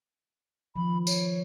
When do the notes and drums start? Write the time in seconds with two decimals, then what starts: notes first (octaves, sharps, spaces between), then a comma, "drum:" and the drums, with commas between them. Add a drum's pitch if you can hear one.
0.76 D#3 F3 B5
1.07 C#5, drum: tambourine